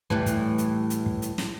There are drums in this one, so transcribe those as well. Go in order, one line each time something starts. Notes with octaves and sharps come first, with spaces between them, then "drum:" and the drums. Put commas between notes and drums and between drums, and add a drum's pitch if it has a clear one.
A2 E3 G3, drum: kick
drum: kick, hi-hat
drum: hi-hat
drum: hi-hat
drum: kick
drum: hi-hat
drum: snare